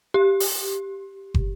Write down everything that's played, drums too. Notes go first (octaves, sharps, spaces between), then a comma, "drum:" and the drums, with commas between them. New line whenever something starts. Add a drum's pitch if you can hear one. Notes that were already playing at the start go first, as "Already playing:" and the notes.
G4
drum: open hi-hat
drum: kick